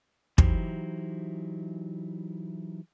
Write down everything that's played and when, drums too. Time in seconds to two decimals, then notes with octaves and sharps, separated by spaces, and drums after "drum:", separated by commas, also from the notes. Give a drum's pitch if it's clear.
0.38 E3 F#3 D#4 E4 G4 C5, drum: kick